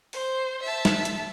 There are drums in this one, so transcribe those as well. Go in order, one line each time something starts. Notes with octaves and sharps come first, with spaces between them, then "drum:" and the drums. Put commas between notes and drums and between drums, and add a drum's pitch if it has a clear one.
C5, drum: open hi-hat
E5 A5
drum: snare
drum: hi-hat